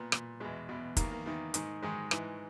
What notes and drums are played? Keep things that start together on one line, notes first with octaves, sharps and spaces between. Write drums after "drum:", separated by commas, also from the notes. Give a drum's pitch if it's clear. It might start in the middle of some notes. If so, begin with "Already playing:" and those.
Already playing: A#2 B3
A#2, drum: rim click
E2 B2 G#3
E2 B2
E2 D#3 A#3, drum: kick, hi-hat
A#3
E2 D#3
G#2 D#3, drum: hi-hat
G#2 D#3 G#3
G#2 E3, drum: rim click